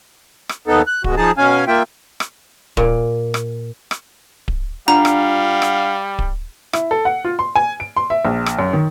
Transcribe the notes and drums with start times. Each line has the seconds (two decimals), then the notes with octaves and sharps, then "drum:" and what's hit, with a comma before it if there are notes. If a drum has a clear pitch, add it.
0.49 drum: rim click
0.67 D#2 B3 D#4 A4
0.87 F#6
1.04 B2 G#3 F#4, drum: kick D1
1.17 F3 D#4 G#4 A5
1.38 B2 C#4 F5 G#5
1.68 A#3 F4 E5 G5
2.20 drum: rim click
2.77 A#2, drum: kick D1
3.34 drum: rim click
3.91 drum: rim click
4.48 drum: kick D1
4.88 G3 D4 F4 F5 F#5 A#5
5.05 drum: rim click
5.62 drum: rim click
6.19 drum: kick D1
6.73 E4, drum: rim click
6.91 A4
7.05 F#5
7.25 F4
7.39 C6
7.56 G#5
7.80 D7
7.97 C6
8.10 E5
8.25 A#1
8.46 drum: rim click
8.59 F#2
8.73 D#3